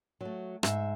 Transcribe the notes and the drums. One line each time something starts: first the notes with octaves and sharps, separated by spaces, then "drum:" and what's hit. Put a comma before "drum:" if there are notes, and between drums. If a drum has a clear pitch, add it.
F#3 A3
G#2 E5, drum: rim click